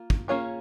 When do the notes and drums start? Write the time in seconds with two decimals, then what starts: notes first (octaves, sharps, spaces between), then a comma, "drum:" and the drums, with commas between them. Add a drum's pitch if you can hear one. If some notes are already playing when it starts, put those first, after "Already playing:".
Already playing: A#3 F4
0.10 drum: kick
0.28 A#3 C#4 F4 G#4 C#5